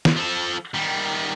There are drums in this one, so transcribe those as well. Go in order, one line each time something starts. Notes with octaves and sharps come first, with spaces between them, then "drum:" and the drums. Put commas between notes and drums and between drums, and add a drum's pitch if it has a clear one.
drum: snare
F3 A4
D#3 G3